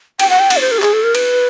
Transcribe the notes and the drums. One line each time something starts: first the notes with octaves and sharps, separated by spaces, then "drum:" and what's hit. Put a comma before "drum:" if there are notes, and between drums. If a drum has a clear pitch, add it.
G5, drum: cymbal
F#5
G5
F#5, drum: cymbal
C#5
C5
A#4
G4
G#4, drum: clap
A4
A#4
B4, drum: cymbal